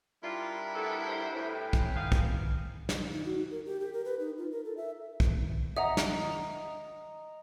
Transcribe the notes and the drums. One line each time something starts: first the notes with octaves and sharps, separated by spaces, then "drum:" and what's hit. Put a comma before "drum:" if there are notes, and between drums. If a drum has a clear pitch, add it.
G3 D4 E4 F4 A#4
A3 B3 A4
F#4 G4 C5
A2 B4 G5 G#5
drum: kick
B3 D#4 F5
drum: kick
drum: snare
D#4
F#4
A#4
G4
G4
A#4
B4
D#4
F4
A#4
A4
E5
drum: kick
D#5 E5 F#5 A#5
drum: snare